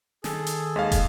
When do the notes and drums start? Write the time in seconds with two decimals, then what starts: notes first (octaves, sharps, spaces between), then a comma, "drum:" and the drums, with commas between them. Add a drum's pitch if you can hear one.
0.24 D#3 G#4 A4, drum: snare
0.47 drum: hi-hat
0.76 D#2 G#3 F5
0.92 drum: kick, hi-hat